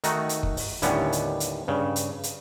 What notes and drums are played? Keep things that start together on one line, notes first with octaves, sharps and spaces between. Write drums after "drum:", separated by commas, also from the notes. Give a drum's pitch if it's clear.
D#3 A3 D#4 F#4, drum: hi-hat
drum: hi-hat
drum: kick
drum: open hi-hat
D#2 A2 D3 G3 B3 C#4, drum: hi-hat
drum: hi-hat
drum: hi-hat
G2 C#3
drum: hi-hat
drum: hi-hat